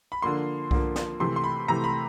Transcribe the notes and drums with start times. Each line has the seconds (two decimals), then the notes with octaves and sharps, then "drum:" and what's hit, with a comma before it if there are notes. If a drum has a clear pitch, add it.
0.12 B5
0.22 D3 F3 A#3 C6
0.71 D3 F3 A#3, drum: kick B1
0.96 drum: snare
1.20 C3 E3 A3 C6
1.36 C6
1.44 B5
1.68 C3 E3 A3 A#5
1.84 B5